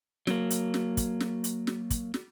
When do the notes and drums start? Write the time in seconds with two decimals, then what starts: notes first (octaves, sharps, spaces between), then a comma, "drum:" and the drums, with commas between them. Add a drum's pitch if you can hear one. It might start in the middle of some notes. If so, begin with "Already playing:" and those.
0.27 F#3 A#3, drum: snare
0.50 drum: hi-hat
0.74 drum: snare
0.97 drum: kick, hi-hat
1.20 drum: snare
1.44 drum: hi-hat
1.67 drum: snare
1.90 drum: kick, hi-hat
2.14 drum: snare